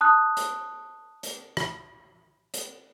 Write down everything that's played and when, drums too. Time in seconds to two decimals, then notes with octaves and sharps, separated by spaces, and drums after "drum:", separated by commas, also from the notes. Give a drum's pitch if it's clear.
0.01 A5 D#6 F#6
0.37 drum: hi-hat
1.23 drum: hi-hat
1.57 drum: rim click
2.54 drum: hi-hat